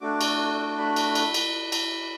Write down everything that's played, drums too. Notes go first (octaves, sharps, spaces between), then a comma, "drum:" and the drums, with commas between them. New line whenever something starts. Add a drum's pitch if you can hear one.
A3 D4 F#4 A4 D6
drum: cymbal
B5
drum: cymbal
drum: cymbal
drum: cymbal
drum: cymbal